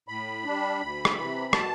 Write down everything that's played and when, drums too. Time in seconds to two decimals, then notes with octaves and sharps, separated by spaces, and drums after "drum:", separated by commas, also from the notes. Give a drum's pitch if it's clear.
0.08 A2 B5
0.45 G3 D4
0.81 D2
1.05 drum: rim click
1.17 C3 E3
1.53 B2 A5, drum: rim click